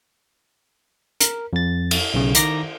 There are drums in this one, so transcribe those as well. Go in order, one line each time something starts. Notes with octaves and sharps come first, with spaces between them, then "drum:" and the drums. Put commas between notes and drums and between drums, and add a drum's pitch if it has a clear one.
A#4, drum: hi-hat
F2 A6
drum: cymbal
B1 C#3
D#3 A#5 D6 A#6, drum: hi-hat